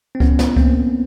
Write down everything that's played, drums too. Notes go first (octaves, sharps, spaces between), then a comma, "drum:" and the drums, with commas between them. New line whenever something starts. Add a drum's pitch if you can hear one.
C4
B3 C#4, drum: kick C#2
drum: snare
A#3 C4, drum: kick C#2